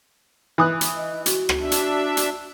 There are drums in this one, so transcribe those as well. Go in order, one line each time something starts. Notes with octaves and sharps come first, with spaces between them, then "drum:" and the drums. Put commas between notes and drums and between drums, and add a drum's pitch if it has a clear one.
E3 D#6 F#6
drum: hi-hat
D#5
F#4, drum: hi-hat
drum: rim click
D4 E5
drum: hi-hat
drum: hi-hat